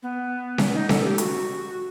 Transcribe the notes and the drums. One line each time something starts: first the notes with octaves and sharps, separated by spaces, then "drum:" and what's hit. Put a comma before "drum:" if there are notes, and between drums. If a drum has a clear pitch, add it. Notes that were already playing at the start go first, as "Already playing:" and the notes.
B3
drum: snare C#4
D#4
A4, drum: snare C#4
G4
F#4, drum: hi-hat